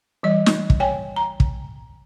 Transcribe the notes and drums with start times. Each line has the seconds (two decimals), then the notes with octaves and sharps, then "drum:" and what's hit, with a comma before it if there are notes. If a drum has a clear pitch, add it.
0.23 E3 G3 D#5
0.46 drum: snare
0.70 drum: kick
0.80 C#5 G5 G#5
1.16 A#5
1.40 drum: kick